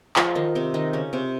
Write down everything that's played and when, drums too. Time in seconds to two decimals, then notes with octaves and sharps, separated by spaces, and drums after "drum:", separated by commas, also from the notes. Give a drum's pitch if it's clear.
0.16 F3 F4, drum: clap
0.35 D#3 D#4
0.55 C3 C4
0.74 D#3 D#4
0.93 C#3 C#4
1.13 C3 C4